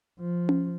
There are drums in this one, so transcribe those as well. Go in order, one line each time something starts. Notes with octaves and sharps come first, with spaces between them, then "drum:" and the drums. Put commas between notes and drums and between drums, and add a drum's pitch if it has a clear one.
F3
drum: tom C#4